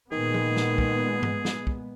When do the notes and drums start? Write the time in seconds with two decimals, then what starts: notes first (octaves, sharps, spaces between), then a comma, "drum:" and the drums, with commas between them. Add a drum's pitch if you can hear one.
0.12 A#2 D#3 G#3 B3 G#4
0.34 drum: tom F3
0.56 drum: snare
0.78 drum: kick
1.23 drum: tom G#2
1.45 drum: snare
1.67 drum: kick